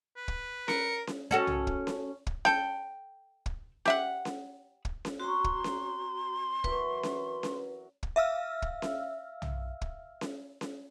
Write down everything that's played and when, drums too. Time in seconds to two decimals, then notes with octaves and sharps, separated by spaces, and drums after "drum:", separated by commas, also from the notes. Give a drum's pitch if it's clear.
0.16 B4
0.28 drum: kick
0.68 A#4 C#7, drum: snare C#4
1.07 drum: snare C#4
1.31 C#4 F#4 A4
1.47 drum: tom
1.67 drum: kick
1.87 drum: snare C#4
2.27 drum: kick
2.45 A4 G5, drum: snare C#4
3.46 drum: kick
3.85 G4 E5 F#5, drum: snare C#4
4.25 drum: snare C#4
4.85 drum: kick
5.05 drum: snare C#4
5.20 C4 F#4 C#5 A#5 C6
5.44 drum: kick
5.64 drum: snare C#4
6.64 E3 F#3 A#4 B4, drum: kick
7.03 drum: snare C#4
7.43 drum: snare C#4
8.03 drum: kick
8.16 E5 F5 E6 F6
8.62 drum: kick
8.82 drum: snare C#4
9.42 drum: tom
9.81 drum: kick
10.21 drum: snare C#4
10.61 drum: snare C#4